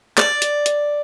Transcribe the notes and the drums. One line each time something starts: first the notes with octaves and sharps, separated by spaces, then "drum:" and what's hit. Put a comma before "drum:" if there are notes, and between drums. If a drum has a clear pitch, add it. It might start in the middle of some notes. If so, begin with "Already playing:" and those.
D5, drum: clap
drum: hi-hat
drum: hi-hat